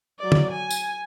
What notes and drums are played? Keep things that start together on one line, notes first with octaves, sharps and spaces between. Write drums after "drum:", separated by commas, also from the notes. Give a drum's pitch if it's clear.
F#3 D5
drum: tom
G#5
drum: tambourine